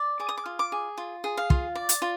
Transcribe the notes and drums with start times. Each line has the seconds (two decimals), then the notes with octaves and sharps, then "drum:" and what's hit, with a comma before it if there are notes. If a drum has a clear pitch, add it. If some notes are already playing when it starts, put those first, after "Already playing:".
Already playing: D5
0.19 G#4 D6
0.29 D#6
0.37 D6
0.46 F4
0.59 D6
0.72 G#4
0.98 F4
1.24 G#4
1.37 F5
1.50 F4, drum: kick
1.75 D5
1.89 drum: hi-hat
2.02 F4